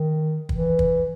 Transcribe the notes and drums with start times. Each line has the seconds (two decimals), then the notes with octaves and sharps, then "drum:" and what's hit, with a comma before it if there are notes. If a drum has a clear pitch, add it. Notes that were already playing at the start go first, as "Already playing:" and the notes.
Already playing: D#3
0.49 E3, drum: kick
0.79 drum: kick